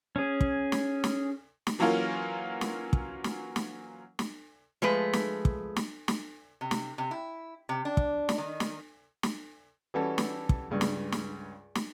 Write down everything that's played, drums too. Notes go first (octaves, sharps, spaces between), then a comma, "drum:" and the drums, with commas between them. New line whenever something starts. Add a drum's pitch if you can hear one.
C#4 G#4
drum: kick
drum: snare
drum: snare
drum: snare
E3 F#3 A#3 C#4 F4 A#4
drum: snare
drum: kick
drum: snare
drum: snare
drum: snare
F3 G#3 A3 B4
drum: snare
drum: kick
drum: snare
drum: snare
C3
drum: snare
C3
E4
C3
D4
drum: kick
drum: snare
D#3
drum: snare
drum: snare
E3 G3 C#4 F#4 G4 A4
drum: snare
drum: kick
C#2 G2 C#3
drum: snare
drum: snare
drum: snare